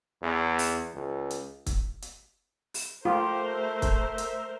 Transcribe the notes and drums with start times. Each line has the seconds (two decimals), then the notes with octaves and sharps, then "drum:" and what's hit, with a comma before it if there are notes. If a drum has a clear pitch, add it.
0.23 E2
0.59 drum: open hi-hat
0.95 C#2
1.30 drum: hi-hat
1.66 drum: kick, hi-hat
2.02 drum: hi-hat
2.74 drum: open hi-hat
3.05 A3 F4 G4 A#4 C5
3.55 E5
3.82 drum: kick, hi-hat
4.18 drum: hi-hat